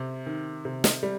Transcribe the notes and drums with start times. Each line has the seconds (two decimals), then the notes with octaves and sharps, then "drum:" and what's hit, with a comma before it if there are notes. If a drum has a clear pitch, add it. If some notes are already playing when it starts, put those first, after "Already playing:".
Already playing: C3
0.26 D#3
0.65 C3
0.84 drum: snare
1.03 G3